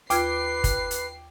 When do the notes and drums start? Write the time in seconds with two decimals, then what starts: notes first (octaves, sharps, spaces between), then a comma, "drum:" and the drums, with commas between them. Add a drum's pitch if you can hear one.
0.10 D#2 F4 B4 G5 D6 G#6 C7, drum: hi-hat
0.64 drum: kick, hi-hat
0.91 drum: hi-hat